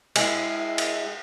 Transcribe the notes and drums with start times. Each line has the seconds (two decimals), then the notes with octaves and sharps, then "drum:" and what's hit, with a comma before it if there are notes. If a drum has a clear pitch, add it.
0.16 G#3 E4, drum: cymbal
0.78 drum: cymbal